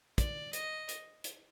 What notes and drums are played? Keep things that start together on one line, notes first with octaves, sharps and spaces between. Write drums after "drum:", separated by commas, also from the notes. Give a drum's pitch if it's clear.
D5, drum: kick, hi-hat
D#5, drum: hi-hat
drum: hi-hat
drum: hi-hat